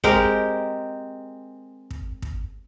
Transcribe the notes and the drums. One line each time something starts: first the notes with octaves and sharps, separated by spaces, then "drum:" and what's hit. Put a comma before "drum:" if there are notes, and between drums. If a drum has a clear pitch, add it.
G#3 C4 G4 A#4, drum: kick
drum: kick
drum: kick